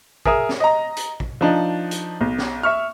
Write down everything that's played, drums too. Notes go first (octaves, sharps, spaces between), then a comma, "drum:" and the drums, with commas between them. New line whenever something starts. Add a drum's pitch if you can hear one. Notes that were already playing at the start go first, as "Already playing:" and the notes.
G#4 A#4 E5 D#6, drum: kick
drum: snare
D#5 A#5
drum: hi-hat
drum: kick
F3 D4 D#4
drum: hi-hat
B1
drum: snare
E5 C#6 F6